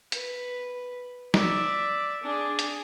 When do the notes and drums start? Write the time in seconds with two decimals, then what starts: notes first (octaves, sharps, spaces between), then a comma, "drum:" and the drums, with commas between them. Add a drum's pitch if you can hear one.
0.12 B4, drum: hi-hat
1.34 D5 E5, drum: snare
2.23 D4 G#4
2.59 drum: hi-hat